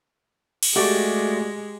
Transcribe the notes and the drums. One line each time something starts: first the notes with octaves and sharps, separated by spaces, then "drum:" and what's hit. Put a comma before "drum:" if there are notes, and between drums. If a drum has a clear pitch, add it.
drum: cymbal
G#3 A3 F#4 G4 D5